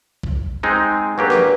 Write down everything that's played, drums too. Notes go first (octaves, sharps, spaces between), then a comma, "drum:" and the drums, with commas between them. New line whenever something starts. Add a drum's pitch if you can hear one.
drum: kick
G#3 C4 D#4
G2 F#3 A#3 G4 G#4 B4
drum: snare